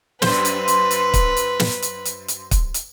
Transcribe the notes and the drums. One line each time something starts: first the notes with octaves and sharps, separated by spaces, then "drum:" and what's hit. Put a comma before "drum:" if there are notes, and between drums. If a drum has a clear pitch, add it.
F#2 B4 C5, drum: snare
drum: hi-hat
drum: hi-hat
drum: hi-hat
drum: kick, hi-hat
drum: hi-hat
drum: snare
drum: hi-hat
drum: hi-hat
drum: hi-hat
drum: kick, hi-hat
drum: hi-hat